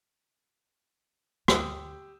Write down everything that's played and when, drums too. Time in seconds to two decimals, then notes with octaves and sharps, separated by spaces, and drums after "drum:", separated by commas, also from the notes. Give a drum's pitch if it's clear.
1.48 D2 G4 D#6 E6, drum: rim click